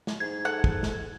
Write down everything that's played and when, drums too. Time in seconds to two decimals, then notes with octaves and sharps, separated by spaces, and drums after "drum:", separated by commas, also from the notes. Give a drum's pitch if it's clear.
0.07 drum: snare
0.20 G#2 G#6
0.45 A4 F#5
0.64 drum: kick
0.83 drum: snare